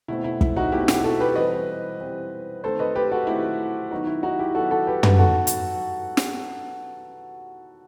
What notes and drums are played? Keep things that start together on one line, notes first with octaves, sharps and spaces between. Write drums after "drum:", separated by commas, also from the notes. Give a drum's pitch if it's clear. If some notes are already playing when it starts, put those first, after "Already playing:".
B2 A3 C4 E4
E4
E4, drum: kick
D#4 F#4
B2 A3 C4 E4 G4
E4 G4, drum: snare
F#4 A4
G4 B4
E3 G3 C4 B4 D#5
E3 G3 C4
D#3 A3 C4 A4 C5
B4 D#5
G4 B4
F#4 A4
D#3 A3 C4 E4 G4
D#3 F#3 B3 D#4 F#4
E4
D#4 F#4
E4 G4
D#3 F#3 B3 F#4 A4
F#4 A4
G4 B4
G4 B4, drum: tom
D#3 F#3 B3 F#4 A4
drum: hi-hat
drum: snare